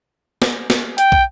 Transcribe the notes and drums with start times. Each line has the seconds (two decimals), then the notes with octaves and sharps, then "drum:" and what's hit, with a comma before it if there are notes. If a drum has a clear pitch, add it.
0.42 drum: snare
0.70 drum: snare
0.98 G5, drum: hi-hat
1.12 drum: kick